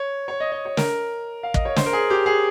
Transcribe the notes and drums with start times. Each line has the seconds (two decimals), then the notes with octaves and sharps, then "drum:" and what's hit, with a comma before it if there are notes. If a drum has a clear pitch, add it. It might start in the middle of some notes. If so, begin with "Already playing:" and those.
Already playing: C#5
0.28 C#5
0.40 D#5
0.52 D#5
0.65 C#5
0.77 A#4, drum: snare
1.43 F5
1.54 D#5, drum: kick
1.65 C#5
1.76 C5, drum: snare
1.86 A#4
1.93 G#4
2.10 G4
2.26 G#4